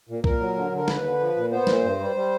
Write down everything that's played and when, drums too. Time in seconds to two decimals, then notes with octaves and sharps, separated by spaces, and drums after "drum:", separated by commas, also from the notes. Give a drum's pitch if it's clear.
0.09 A#2
0.24 A#2 A#4, drum: kick
0.40 F#3
0.57 D3
0.72 D3 A#4
0.88 D#2 B4, drum: snare
1.04 D3
1.20 F3
1.36 A#2
1.52 B3 C5
1.67 A#2, drum: snare
1.83 G2
1.99 G3
2.16 G3